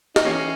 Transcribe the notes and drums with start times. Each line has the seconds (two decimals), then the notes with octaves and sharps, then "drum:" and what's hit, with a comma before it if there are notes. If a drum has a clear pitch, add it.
0.16 D#4, drum: snare
0.25 E3 A#3 C#4